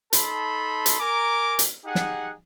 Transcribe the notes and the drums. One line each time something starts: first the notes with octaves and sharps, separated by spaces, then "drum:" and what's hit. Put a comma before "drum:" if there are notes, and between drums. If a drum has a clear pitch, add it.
D#4 A4 A5 B5 C6, drum: hi-hat
drum: hi-hat
A#4 G#5 A#5 D6
drum: hi-hat
D#4 G4 G#4 F#5
drum: snare